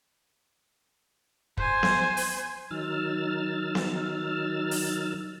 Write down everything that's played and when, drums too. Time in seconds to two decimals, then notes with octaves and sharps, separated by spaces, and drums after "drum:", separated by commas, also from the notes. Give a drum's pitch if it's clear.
1.57 C5 G#5, drum: kick
1.83 drum: snare B3
2.17 drum: open hi-hat
2.71 D#3 F#3 D#4 E6 F6 A6
3.75 drum: snare B3
4.71 drum: open hi-hat